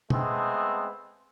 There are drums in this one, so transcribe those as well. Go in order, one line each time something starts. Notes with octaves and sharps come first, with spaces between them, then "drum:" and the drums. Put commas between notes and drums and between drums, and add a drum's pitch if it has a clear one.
G#3 A3 B3 C4, drum: tom B2